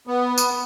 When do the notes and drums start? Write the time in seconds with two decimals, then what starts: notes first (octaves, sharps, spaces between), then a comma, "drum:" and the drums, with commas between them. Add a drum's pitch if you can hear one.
0.07 B3
0.38 drum: tambourine